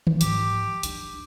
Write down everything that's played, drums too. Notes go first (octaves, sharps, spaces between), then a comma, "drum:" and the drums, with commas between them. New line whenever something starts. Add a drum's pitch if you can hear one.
drum: tom
G#2 F3 G4, drum: hi-hat
G#3 D4, drum: hi-hat